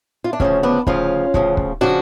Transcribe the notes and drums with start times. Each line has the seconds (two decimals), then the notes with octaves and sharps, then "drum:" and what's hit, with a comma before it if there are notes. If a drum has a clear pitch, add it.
0.24 F4
0.33 D4
0.40 D2 C#3 F3 C#4, drum: kick
0.63 B3 D4
0.87 D2 C#3 F3 C#4 F4, drum: kick
1.34 D2 C#3 F3, drum: kick
1.57 drum: kick
1.81 C#3 F3 D4 F#4